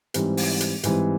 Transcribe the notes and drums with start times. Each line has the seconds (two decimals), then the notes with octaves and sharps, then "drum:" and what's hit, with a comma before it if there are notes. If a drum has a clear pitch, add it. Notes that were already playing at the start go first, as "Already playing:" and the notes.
0.14 G#2 E3 G3 C4, drum: hi-hat
0.37 drum: open hi-hat
0.61 drum: hi-hat
0.83 G#2 E3 G3 C4, drum: hi-hat